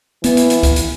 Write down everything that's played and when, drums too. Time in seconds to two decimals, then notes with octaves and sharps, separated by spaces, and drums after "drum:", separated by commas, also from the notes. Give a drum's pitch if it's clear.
0.24 E3 B3, drum: hi-hat
0.37 drum: hi-hat
0.50 drum: hi-hat
0.63 drum: kick, hi-hat
0.76 drum: hi-hat